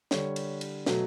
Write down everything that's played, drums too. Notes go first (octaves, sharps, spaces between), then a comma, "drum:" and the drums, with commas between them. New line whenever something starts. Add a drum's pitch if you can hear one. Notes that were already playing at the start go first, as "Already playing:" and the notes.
D3 G3 C#5, drum: snare
drum: cymbal
drum: cymbal
B2 F#3 A3, drum: snare